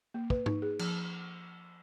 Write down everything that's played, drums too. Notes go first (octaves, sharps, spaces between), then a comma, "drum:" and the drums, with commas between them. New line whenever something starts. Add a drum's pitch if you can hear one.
A#3
B4, drum: kick
D#4, drum: tom
G#4
F3, drum: cymbal